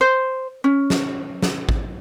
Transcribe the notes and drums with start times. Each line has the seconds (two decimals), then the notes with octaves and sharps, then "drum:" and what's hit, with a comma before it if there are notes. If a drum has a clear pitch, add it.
0.01 C5
0.64 C#4
0.90 drum: snare
1.43 drum: snare
1.69 drum: kick